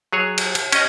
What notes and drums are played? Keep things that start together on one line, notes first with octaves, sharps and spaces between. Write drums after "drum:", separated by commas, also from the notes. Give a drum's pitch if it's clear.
F#3 G#4 C#5
drum: cymbal
drum: cymbal
C#4 D#5, drum: cymbal